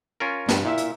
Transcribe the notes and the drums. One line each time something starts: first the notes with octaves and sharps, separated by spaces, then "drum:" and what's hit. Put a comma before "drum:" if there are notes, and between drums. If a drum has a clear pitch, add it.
C#4 F4 A#4
G2, drum: snare
A#2 E4 E5
drum: hi-hat